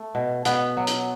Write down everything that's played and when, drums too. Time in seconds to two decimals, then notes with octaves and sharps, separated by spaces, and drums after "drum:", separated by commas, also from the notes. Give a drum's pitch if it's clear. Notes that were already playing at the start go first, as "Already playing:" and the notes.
Already playing: A3
0.15 B2
0.45 B2 B3, drum: hi-hat
0.77 F#3
0.87 drum: hi-hat